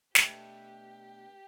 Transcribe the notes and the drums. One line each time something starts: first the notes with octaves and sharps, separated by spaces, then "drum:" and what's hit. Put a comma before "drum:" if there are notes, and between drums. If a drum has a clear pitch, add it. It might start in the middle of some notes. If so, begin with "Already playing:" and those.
B2 A3 D4 G4 B4, drum: snare